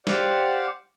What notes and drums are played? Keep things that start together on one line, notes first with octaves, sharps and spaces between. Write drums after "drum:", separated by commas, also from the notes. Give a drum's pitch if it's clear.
G4 C5 D5 F5 F#5, drum: snare